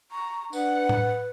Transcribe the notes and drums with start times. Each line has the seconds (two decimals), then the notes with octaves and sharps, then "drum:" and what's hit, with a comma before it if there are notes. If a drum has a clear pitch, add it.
0.11 A#5 C#6
0.53 D4 B4 F#5, drum: tambourine
0.89 drum: tom A2